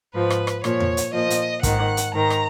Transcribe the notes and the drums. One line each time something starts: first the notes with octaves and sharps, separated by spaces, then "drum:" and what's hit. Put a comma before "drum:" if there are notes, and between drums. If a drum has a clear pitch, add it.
G#2 F3 B4
drum: rim click
drum: rim click
A#2 F3 C#5, drum: rim click
drum: tom E2
drum: hi-hat
A#2 F3 D#5
drum: hi-hat
G#2 D#3 F#5, drum: kick, hi-hat
drum: hi-hat
G#2 D#3 A#5
drum: rim click